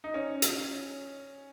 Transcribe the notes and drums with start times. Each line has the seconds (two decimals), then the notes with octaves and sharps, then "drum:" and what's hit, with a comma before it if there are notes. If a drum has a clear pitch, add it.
0.04 D#4
0.14 C#4
0.42 drum: hi-hat